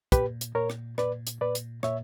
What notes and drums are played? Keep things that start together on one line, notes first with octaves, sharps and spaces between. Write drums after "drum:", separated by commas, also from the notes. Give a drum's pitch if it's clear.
A#2 G4 B4, drum: kick, hi-hat
drum: hi-hat
A#2 A#4 C#5
drum: rim click
A#2 B4 D5, drum: rim click
drum: hi-hat
A#2 B4 D5
drum: hi-hat
A#2 C#5 E5, drum: rim click